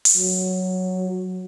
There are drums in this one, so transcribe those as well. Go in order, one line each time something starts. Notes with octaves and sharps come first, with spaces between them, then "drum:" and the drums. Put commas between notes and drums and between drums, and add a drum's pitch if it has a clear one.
drum: open hi-hat
F#3